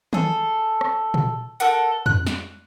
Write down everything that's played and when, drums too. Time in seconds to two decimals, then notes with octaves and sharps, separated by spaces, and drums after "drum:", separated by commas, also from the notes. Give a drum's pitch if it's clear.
0.13 G#4 A4, drum: tom D#3
0.81 drum: rim click
1.14 drum: tom A#2
1.60 A4 A#4 F#5, drum: hi-hat
2.06 F#6, drum: tom F2
2.27 drum: snare